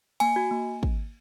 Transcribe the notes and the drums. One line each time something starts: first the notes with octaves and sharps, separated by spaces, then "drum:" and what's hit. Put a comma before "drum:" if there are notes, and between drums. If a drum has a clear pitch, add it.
A#3 G#5, drum: cymbal
F#4
A#3
drum: kick